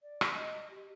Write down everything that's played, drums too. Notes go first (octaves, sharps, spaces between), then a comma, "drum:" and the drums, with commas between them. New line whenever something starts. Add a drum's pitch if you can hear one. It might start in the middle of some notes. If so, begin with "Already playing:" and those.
D5
drum: rim click
D#5
G4